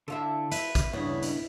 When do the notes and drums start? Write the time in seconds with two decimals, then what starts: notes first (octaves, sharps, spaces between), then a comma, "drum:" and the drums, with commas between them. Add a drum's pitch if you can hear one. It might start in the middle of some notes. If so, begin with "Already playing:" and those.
0.08 D3 E4 F4 A4
0.52 B4 E5, drum: hi-hat
0.75 drum: kick, hi-hat
0.93 G2 C#3 B3 E4
1.23 drum: hi-hat